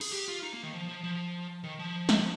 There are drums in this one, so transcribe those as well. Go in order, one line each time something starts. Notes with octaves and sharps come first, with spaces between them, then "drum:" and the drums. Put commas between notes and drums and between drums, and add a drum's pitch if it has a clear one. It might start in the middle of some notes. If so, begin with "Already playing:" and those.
G#4, drum: cymbal
G4
F4
D#4
A#3
D#3
F3
F3
F3
D#3
F3
drum: snare